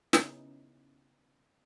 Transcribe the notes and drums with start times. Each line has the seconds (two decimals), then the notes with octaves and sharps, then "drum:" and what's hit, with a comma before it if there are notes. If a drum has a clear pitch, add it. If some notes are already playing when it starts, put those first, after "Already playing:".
0.13 C#3 B3 C#4 D#4 E4, drum: snare